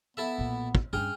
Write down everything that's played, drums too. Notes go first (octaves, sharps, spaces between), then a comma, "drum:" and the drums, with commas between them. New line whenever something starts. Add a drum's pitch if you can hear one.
B3 E4 A4 E5
B1 A#2
drum: kick
G2 C#4 G#4 G5 F6